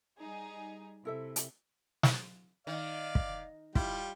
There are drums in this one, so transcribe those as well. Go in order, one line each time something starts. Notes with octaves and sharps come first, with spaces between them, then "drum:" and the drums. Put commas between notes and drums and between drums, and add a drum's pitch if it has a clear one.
G3 D#4 G#4
C3 E4 A4 E5
drum: hi-hat
drum: snare
D#3 D5 F5
drum: kick
G3 E4 F4 G5, drum: kick